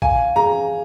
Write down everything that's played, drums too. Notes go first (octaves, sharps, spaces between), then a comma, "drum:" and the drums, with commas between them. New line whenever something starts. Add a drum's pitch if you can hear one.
F5 G#5, drum: kick G#1
G#4 A#5